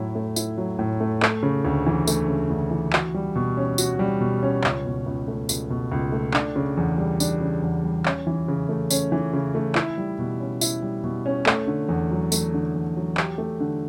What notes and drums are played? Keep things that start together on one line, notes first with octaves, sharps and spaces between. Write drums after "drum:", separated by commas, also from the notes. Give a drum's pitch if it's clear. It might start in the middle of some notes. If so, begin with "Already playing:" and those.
Already playing: A2 F#3 E4
A3
E4, drum: tambourine
F#3
A2
A3
A3, drum: clap
C#3
D2
E3
A3, drum: tambourine
C#3
D2
E3
F#4, drum: clap
G3
B2
C#4
F#4, drum: tambourine
G3
B2
C#4
C#2, drum: clap
B2
C#2
A3
C#2, drum: tambourine
B2
C#2
A3
D4, drum: clap
C#3
E2
G3
D4, drum: tambourine
C#3
E2
G3
C#4, drum: clap
E3
C#3
A3
C#4, drum: tambourine
E3
C#3
A3
E4, drum: clap
G3
B2
C#4
E4, drum: tambourine
G3
B2
C#4
A3, drum: clap
D3
E2
F#3
A3, drum: tambourine
D3
E2
F#3
G4, drum: clap
A3
D3